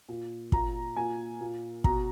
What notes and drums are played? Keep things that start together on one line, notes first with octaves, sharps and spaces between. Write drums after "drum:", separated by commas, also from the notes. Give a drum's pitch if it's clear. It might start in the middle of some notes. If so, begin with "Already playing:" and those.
A#2
A#2 A#5, drum: kick
A#2 G#5
A#2
B2 A#5, drum: kick